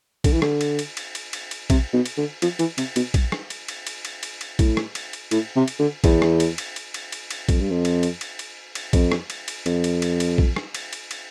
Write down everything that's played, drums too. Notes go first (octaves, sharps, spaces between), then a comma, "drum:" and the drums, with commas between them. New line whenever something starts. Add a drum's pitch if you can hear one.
D3, drum: kick A#1, cymbal
E3
D3, drum: rim click
drum: cymbal
drum: cymbal
drum: cymbal
drum: cymbal
drum: cymbal
drum: cymbal
C3, drum: kick A#1, cymbal
B2
drum: cymbal
D3
F3, drum: cymbal
E3, drum: cymbal
C3, drum: cymbal
B2, drum: cymbal
drum: kick A#1, cymbal
drum: rim click
drum: cymbal
drum: cymbal
drum: cymbal
drum: cymbal
drum: cymbal
drum: cymbal
A2, drum: kick A#1, cymbal
drum: rim click
drum: cymbal
drum: cymbal
A2, drum: cymbal
C3
drum: cymbal
D3
E2, drum: kick A#1, cymbal
drum: rim click
drum: cymbal
drum: cymbal
drum: cymbal
drum: cymbal
drum: cymbal
drum: cymbal
F2, drum: kick A#1, cymbal
G2
F2
drum: cymbal
drum: cymbal
drum: cymbal
drum: cymbal
drum: cymbal
F2, drum: kick A#1, cymbal
drum: rim click
drum: cymbal
drum: cymbal
F2, drum: cymbal
drum: cymbal
drum: cymbal
drum: cymbal
drum: kick A#1
drum: rim click
drum: cymbal
drum: cymbal
drum: cymbal